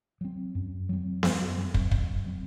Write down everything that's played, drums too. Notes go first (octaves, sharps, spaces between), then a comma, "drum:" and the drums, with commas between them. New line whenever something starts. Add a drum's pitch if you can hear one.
F#3 C4
F#2
F#3 C4
F#2, drum: snare B3
F#3 C4
drum: kick
F#2, drum: kick
F#3 C4